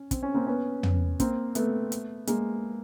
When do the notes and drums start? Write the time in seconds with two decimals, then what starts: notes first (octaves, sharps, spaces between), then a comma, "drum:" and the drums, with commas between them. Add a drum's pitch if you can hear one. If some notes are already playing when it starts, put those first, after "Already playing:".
Already playing: C#4
0.11 C4, drum: kick, hi-hat
0.23 C#4
0.34 A#3 C4
0.47 B3 C#4
0.83 drum: tom
1.20 A#3 C4, drum: kick, hi-hat
1.55 A3 B3, drum: hi-hat
1.92 drum: hi-hat
2.27 G#3 A#3, drum: hi-hat